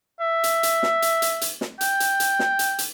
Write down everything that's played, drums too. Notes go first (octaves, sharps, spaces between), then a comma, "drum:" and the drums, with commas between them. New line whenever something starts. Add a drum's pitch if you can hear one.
E5
drum: hi-hat
drum: hi-hat
drum: snare
drum: hi-hat
drum: hi-hat
drum: hi-hat
drum: snare
G5, drum: hi-hat
drum: hi-hat
drum: hi-hat
drum: snare
drum: hi-hat
drum: hi-hat